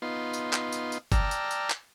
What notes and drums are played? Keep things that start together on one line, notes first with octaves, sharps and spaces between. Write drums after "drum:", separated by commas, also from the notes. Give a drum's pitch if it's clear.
B3 D#4 F4 C6
drum: tambourine
drum: clap
drum: tambourine
drum: tambourine
D5 G5 A5 A#5 E6 F6, drum: kick F#1, tambourine
drum: tambourine
drum: tambourine
drum: clap